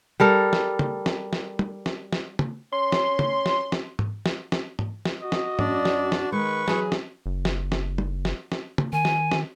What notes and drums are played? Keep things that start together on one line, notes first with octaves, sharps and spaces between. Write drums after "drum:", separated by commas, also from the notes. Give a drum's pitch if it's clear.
G3 A4 A#4
drum: snare
drum: tom
drum: snare
drum: snare
drum: tom
drum: snare
drum: snare
drum: tom
C#4 C6
drum: snare
drum: tom
drum: snare
drum: snare
drum: tom
drum: snare
drum: snare
drum: tom
drum: snare
F#4 D#5
drum: snare
F#2 D4 D5, drum: tom
drum: snare
drum: snare
D#3 G#3 B4 C#6
E3 F#3 G#4, drum: snare
drum: snare
F#1
drum: snare
drum: snare
drum: tom
drum: snare
drum: snare
drum: tom
D#3 G#5
drum: snare
drum: snare